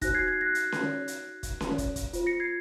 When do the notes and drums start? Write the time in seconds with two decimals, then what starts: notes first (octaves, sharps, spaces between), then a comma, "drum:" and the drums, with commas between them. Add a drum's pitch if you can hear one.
0.01 D#4 F#4 C5 F#6 A#6, drum: kick, hi-hat
0.14 G#6 C7
0.28 G#6 C7
0.41 F#6 A#6
0.55 drum: hi-hat
0.72 drum: snare C#4
1.08 drum: hi-hat
1.43 drum: kick, hi-hat
1.61 drum: snare C#4
1.78 drum: kick, hi-hat
1.96 drum: kick, hi-hat
2.13 F4 C5, drum: hi-hat
2.26 A#6 C#7
2.40 G#6 C7